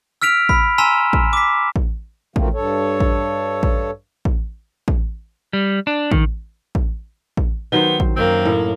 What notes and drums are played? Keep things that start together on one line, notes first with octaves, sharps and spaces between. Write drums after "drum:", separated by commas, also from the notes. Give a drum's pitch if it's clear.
E6 F6 B6 D7 F7
B5, drum: kick A1
G#5 A#5 C6 E6 B6 E7
drum: kick A1
D6 B6
drum: kick A1
B2 D#3 F3 A3 A#3 C4, drum: kick A1
G2 A4 C#5
drum: kick A1
drum: kick A1
drum: kick A1
drum: kick A1
G3
D4
D#3, drum: kick A1
drum: kick A1
drum: kick A1
D#3 F#3 B3 C5
drum: kick A1
F#2 A#3 C4
A2